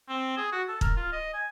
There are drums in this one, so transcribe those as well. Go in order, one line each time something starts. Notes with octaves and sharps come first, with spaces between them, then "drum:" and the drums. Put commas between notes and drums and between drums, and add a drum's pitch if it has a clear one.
C4
G#4
F#4
A4
A#4, drum: kick
F4
D#5
G#5